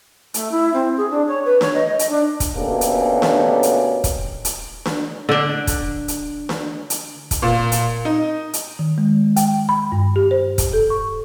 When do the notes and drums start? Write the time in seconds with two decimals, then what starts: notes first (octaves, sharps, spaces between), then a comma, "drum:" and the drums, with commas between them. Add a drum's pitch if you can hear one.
0.34 A3, drum: hi-hat
0.51 E4
0.73 C4
0.97 G#4
1.10 D4
1.28 C#5
1.45 B4
1.61 C#5, drum: snare D4
1.74 D#5
1.86 D#5
1.99 drum: hi-hat
2.09 D4
2.40 drum: kick, hi-hat
2.57 D2 B2 A#3 C#4 G4 A4
2.81 drum: hi-hat
3.22 drum: snare D4
3.63 drum: hi-hat
4.04 drum: kick, hi-hat
4.45 drum: hi-hat
4.86 drum: snare D4
5.29 D3 D4
5.67 drum: kick, hi-hat
6.08 drum: hi-hat
6.49 drum: snare D4
6.90 drum: hi-hat
7.31 drum: kick, hi-hat
7.42 A#2
7.72 drum: hi-hat
8.05 D#4
8.53 drum: hi-hat
8.79 D#3
8.98 G#3
9.36 G5, drum: hi-hat
9.69 B5
9.92 G2
10.16 G4
10.31 C5
10.58 drum: kick, hi-hat
10.73 A4
10.90 C#6